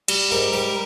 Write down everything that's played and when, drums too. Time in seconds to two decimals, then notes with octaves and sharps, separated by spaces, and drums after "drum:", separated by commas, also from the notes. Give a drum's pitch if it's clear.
0.08 G3, drum: cymbal
0.31 G#2 G4 A#4
0.53 G3 G4 A#4